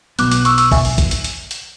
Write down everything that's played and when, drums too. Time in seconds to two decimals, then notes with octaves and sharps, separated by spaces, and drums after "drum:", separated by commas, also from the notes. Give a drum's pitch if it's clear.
0.19 B1 B2 F#3 B3 D6 F#6, drum: hi-hat
0.31 D6 F#6, drum: hi-hat
0.45 C#6 E6, drum: hi-hat
0.58 C#6 E6, drum: hi-hat
0.72 E5 G#5, drum: kick, open hi-hat
0.85 drum: open hi-hat
0.98 drum: kick, hi-hat
1.11 drum: hi-hat
1.24 drum: hi-hat
1.51 drum: hi-hat